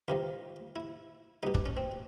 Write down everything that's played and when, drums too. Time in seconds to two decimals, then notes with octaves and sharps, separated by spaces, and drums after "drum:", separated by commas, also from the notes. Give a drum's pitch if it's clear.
0.08 C#2 C3 D#3 F4
0.76 E4
1.43 C2 B2 D#4
1.54 D4, drum: kick
1.66 C#4
1.77 C4